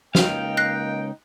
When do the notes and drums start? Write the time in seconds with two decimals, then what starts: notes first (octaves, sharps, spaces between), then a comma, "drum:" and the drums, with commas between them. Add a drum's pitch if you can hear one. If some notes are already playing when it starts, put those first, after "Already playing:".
0.15 C#2 A#3 D#4 F5 G5, drum: snare
0.57 F#6 A#6 C7